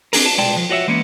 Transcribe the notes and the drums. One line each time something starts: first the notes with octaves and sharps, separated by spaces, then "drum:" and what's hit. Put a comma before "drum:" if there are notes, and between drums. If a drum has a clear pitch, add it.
C4 D4 G#4 A#4, drum: open hi-hat
A5
C2 B2 G#3 D5 G5 A5
F3
F4 F#4 C#5 D5 E5
E3 G#3 A#3 B3 C#4